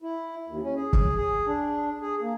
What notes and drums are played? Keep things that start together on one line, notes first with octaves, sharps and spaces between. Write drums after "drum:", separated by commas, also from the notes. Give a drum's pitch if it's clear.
E4
D#2
C#4
G#4
drum: kick
G#4
D4
G#4
A#3